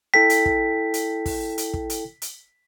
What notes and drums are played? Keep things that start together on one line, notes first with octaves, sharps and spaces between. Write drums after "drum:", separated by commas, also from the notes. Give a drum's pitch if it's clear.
E4 A4 G5 B6
drum: hi-hat
drum: kick
drum: hi-hat
drum: kick, open hi-hat
drum: hi-hat
drum: kick
drum: hi-hat
drum: hi-hat